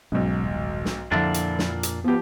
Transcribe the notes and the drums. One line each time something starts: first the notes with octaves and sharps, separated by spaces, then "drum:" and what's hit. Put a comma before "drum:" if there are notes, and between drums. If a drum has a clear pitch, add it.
B1 G#2 B2 F#3 C#4
D#1
drum: snare
F2 A#2 D3 F3 A#3 D4 E4
drum: hi-hat
drum: snare
drum: hi-hat
F3 B3 G4